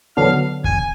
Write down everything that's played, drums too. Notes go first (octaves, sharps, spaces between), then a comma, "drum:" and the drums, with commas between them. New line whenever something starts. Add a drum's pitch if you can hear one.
D3 F#3 B3 D4 F5
G#5, drum: kick